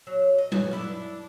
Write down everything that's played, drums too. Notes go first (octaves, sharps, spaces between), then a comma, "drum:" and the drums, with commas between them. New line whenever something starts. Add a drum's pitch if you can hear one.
F#3
D#5
F#4 G#4 B4, drum: tom F#3
D4 E4 F4